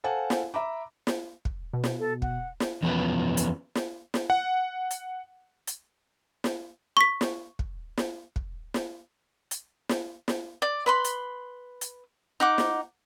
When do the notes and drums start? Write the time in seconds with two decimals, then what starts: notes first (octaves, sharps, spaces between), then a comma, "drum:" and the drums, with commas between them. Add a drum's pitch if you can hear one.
0.04 A4 C5 F5 F#5 G#5 A5
0.30 drum: snare
0.54 E5 A#5 B5 D6
1.07 drum: snare
1.45 drum: kick
1.73 B2
1.84 drum: snare
1.99 A4
2.22 F#5, drum: kick
2.60 drum: snare
2.83 E2 F3 B3 C#4 F#4 B4
3.37 drum: hi-hat
3.75 drum: snare
4.14 drum: snare
4.30 F#5
4.91 drum: hi-hat
5.67 drum: hi-hat
6.44 drum: snare
6.97 C#6 B6
7.21 drum: snare
7.59 drum: kick
7.98 drum: snare
8.36 drum: kick
8.74 drum: snare
9.51 drum: hi-hat
9.89 drum: snare
10.28 drum: snare
10.62 D5
10.86 B4 B5 C6
11.04 drum: hi-hat
11.81 drum: hi-hat
12.40 D#4 F#5 D6
12.58 drum: snare